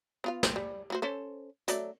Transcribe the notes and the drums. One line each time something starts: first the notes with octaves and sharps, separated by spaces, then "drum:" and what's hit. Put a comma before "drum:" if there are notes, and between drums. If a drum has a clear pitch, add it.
B3 F4 F5
C4, drum: snare
G3
A3 F#4 C5
C#4 A4 C5
F#3 A3 D5, drum: hi-hat